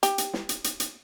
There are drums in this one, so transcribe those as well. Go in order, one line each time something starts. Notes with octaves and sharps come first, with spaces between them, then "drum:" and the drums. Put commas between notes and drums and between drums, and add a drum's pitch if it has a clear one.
G4, drum: hi-hat
drum: hi-hat
drum: snare
drum: hi-hat
drum: hi-hat
drum: hi-hat